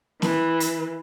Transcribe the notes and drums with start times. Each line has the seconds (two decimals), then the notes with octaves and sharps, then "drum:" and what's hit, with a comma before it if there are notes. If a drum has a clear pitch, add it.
0.22 E3, drum: snare B3
0.60 drum: hi-hat